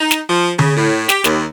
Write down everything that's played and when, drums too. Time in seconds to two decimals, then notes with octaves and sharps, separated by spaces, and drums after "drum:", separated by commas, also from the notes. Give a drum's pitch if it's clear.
0.01 D#4
0.11 drum: snare
0.29 F3
0.59 C#3, drum: tom D3
0.77 A2
1.09 G4, drum: snare
1.24 D#2, drum: snare